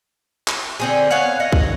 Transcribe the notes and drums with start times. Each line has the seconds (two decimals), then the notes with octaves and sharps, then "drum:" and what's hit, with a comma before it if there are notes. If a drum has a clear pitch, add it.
0.48 drum: clap
0.80 D3 C4 G#4
1.11 B3 C#5 F5 F#5
1.40 D#5 F#5
1.52 drum: kick